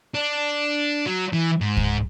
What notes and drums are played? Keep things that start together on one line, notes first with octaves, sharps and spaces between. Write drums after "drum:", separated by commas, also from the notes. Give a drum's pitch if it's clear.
D4
F#3
E3
G#2
drum: kick C#2